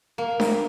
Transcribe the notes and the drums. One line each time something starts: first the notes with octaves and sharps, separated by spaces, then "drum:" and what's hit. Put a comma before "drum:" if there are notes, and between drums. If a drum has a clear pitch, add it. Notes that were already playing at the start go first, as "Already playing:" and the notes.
A#3
drum: snare D4